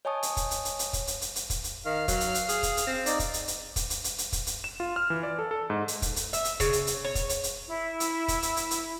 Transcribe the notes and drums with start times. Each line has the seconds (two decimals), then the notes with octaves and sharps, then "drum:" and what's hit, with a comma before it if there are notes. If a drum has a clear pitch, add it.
0.05 C#5 D#5 G#5 A5 C#6 D#6
0.23 drum: hi-hat
0.37 drum: kick, hi-hat
0.51 drum: hi-hat
0.65 drum: hi-hat
0.79 drum: hi-hat
0.93 drum: kick, hi-hat
1.07 drum: hi-hat
1.22 drum: hi-hat
1.36 drum: hi-hat
1.50 drum: kick, hi-hat
1.64 drum: hi-hat
1.85 D#3 F5 F6
2.08 F#3, drum: kick, hi-hat
2.20 drum: hi-hat
2.35 drum: hi-hat
2.49 G#4, drum: hi-hat
2.63 drum: kick, hi-hat
2.77 drum: hi-hat
2.87 C4
3.06 D#4 D5, drum: hi-hat
3.19 drum: kick, hi-hat
3.34 drum: hi-hat
3.48 drum: hi-hat
3.76 drum: kick, hi-hat
3.90 drum: hi-hat
4.04 drum: hi-hat
4.18 drum: hi-hat
4.33 drum: kick, hi-hat
4.47 drum: hi-hat
4.64 E7
4.80 F4
4.96 F6
5.10 E3
5.23 D5
5.39 A4
5.51 A4
5.70 G#2
5.88 drum: hi-hat
6.02 drum: kick, hi-hat
6.16 drum: hi-hat
6.33 E5, drum: hi-hat
6.45 drum: hi-hat
6.60 C#3, drum: kick, hi-hat
6.73 drum: hi-hat
6.87 drum: hi-hat
7.05 C#5
7.15 drum: kick, hi-hat
7.29 drum: hi-hat
7.44 drum: hi-hat
7.68 E4
8.00 drum: hi-hat
8.28 drum: kick, hi-hat
8.42 drum: hi-hat
8.57 drum: hi-hat
8.71 drum: hi-hat